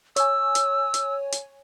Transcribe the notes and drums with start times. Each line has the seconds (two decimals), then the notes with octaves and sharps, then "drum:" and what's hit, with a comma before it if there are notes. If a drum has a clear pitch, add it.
0.16 C#5 G#5 E6, drum: hi-hat
0.55 drum: hi-hat
0.94 drum: hi-hat
1.32 drum: hi-hat